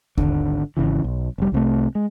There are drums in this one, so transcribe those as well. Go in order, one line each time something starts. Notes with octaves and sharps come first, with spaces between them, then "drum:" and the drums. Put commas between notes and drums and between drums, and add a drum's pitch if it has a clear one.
G#1 D3, drum: kick D#2
G#1 D#2 C#3 E3
B1
F1 G3
C2 C3 A3
G#3